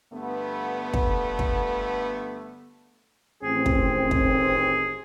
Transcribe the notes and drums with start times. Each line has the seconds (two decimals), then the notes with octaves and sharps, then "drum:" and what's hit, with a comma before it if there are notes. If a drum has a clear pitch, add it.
0.12 G2 D3 A3 B3
0.94 drum: kick
1.39 drum: kick
3.43 A1 D#3 C4 G#4
3.66 drum: kick
4.11 drum: kick